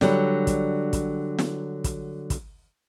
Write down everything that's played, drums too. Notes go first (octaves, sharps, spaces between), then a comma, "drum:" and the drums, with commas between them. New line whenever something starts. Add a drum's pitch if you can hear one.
D3 F#3 G3, drum: snare
drum: kick, hi-hat
drum: kick, hi-hat
drum: snare
drum: kick, hi-hat
drum: kick, hi-hat